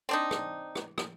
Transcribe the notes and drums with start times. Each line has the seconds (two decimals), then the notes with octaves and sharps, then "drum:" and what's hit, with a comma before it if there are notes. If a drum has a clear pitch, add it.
0.09 C4 D4 D#4
0.31 drum: rim click
0.75 drum: rim click
0.98 drum: rim click